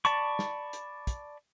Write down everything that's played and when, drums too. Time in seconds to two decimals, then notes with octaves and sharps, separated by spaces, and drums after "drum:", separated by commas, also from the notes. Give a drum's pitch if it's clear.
0.05 D5 A5 B5 C#6, drum: hi-hat
0.39 drum: snare
0.73 drum: hi-hat
1.07 drum: kick, hi-hat